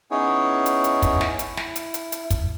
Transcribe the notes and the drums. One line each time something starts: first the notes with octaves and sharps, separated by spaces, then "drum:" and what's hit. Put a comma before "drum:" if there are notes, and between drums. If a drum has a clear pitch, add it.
B3 C#4 D#4 E4 G#4 C#5
drum: hi-hat
drum: hi-hat
drum: kick, hi-hat
drum: snare
E4, drum: hi-hat
drum: snare
drum: hi-hat
drum: hi-hat
drum: hi-hat
drum: kick, hi-hat